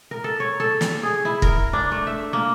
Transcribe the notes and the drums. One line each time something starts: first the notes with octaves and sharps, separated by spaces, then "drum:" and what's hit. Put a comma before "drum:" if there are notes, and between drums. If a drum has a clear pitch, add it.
A#4
A4
C#5
A4
drum: snare
G#4
E4
A#4, drum: kick
D4
A3
E5
A#3